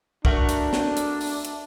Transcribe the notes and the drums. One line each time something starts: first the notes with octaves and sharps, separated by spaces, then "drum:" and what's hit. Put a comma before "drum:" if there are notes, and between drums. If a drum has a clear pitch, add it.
A3 D4 F#4 A#4, drum: kick
drum: hi-hat
drum: snare
drum: hi-hat
drum: open hi-hat
drum: hi-hat